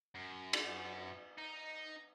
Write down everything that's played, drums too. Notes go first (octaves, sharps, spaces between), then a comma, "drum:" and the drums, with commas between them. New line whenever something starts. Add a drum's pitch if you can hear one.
F#2
drum: cymbal
D#4